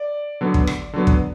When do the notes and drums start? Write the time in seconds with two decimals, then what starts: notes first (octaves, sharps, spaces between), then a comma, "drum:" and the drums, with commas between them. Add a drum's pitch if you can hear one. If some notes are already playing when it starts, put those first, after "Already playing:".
Already playing: D5
0.41 D3 F#3 B3
0.54 drum: kick
0.67 drum: rim click
0.93 D3 F#3 B3
1.07 drum: kick